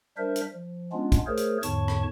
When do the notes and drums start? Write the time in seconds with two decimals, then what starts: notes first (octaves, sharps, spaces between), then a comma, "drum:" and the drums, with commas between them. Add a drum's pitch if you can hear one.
0.17 G3 D4 A#4 C5 E5
0.36 drum: hi-hat
0.54 F3
0.92 G#3 B3 C#4 D4 F4
1.12 drum: kick, hi-hat
1.27 A3 G#4 A#4 C5 C#5
1.37 drum: hi-hat
1.63 E2 G#2 D3 C#5 A5 C#6, drum: hi-hat
1.88 drum: rim click